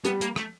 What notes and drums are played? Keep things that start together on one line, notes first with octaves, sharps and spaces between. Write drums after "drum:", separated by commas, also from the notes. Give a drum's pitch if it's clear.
G3 B3, drum: hi-hat
A#3, drum: hi-hat
A3, drum: rim click